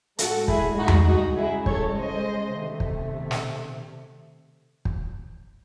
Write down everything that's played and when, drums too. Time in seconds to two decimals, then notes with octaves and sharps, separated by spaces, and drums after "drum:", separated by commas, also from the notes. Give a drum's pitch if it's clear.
0.19 A2 G#3 F#4 A4, drum: hi-hat
0.48 E4 G#4, drum: kick
0.77 D#4 F#4
0.88 drum: tom E2
1.07 D#4 F#4
1.36 C#3 G#3 E4 G#4
1.66 A4 C#5, drum: kick
1.96 C5 D#5
2.55 C3 D#3 A3
2.80 drum: kick
3.31 drum: snare
4.85 drum: kick